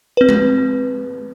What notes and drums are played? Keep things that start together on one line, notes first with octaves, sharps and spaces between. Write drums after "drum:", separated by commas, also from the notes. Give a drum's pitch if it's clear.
C4 B4
drum: tom G#3